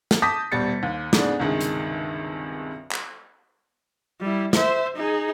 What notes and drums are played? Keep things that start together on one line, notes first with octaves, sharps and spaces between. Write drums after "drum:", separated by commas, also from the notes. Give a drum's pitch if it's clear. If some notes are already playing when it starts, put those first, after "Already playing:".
drum: snare
A5 D6 D#6 G6 A#6 B6
D#1 B2 G3 A6 C#7
D#2
G#2 C#3 B3 D4, drum: snare
C#2 G2 C3 D#3 G#3
drum: hi-hat
drum: clap
G3 E4
C5 E5, drum: snare
D#4 G#4